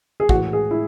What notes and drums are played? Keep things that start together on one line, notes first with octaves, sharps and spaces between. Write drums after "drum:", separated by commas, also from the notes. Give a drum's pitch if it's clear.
G#4
A2 E3 F#4, drum: kick
G#4
E4